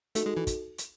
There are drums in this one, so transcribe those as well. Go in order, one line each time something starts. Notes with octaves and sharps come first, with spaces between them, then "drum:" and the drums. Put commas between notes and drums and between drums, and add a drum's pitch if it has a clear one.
A3 D#4 F#4 A4, drum: hi-hat
G#3
E3
drum: kick, hi-hat
drum: hi-hat